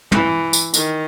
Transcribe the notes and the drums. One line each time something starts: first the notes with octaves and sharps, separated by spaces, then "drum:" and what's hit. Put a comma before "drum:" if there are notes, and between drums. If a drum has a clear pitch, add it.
E3, drum: tom
drum: tambourine
D#3, drum: tambourine